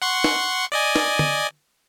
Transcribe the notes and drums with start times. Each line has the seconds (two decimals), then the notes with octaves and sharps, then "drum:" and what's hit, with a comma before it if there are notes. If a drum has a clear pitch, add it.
0.02 F#5 C6 C#6
0.24 drum: snare
0.72 D5 D#5 G#5
0.96 drum: snare
1.19 drum: tom D3